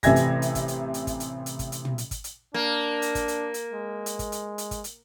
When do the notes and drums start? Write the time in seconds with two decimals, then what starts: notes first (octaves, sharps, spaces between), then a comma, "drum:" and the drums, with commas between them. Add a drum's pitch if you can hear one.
0.03 A1 C3 E5 G#5 G#6 A#6, drum: kick, hi-hat
0.16 drum: hi-hat
0.42 drum: hi-hat
0.55 drum: kick, hi-hat
0.68 drum: hi-hat
0.94 drum: hi-hat
1.07 drum: kick, hi-hat
1.20 drum: hi-hat
1.46 drum: hi-hat
1.59 drum: kick, hi-hat
1.72 drum: hi-hat
1.85 drum: tom
1.98 drum: hi-hat
2.11 drum: kick, hi-hat
2.24 drum: hi-hat
2.54 A#3 D4
3.02 drum: hi-hat
3.15 drum: kick, hi-hat
3.28 drum: hi-hat
3.54 drum: hi-hat
3.73 G#3
4.06 drum: hi-hat
4.19 drum: kick, hi-hat
4.32 drum: hi-hat
4.58 drum: hi-hat
4.71 drum: kick, hi-hat
4.84 drum: hi-hat